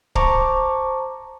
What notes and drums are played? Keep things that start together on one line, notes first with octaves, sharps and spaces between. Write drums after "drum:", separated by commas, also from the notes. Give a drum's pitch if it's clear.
C5 A5 A#5 C#6 D6, drum: kick C#1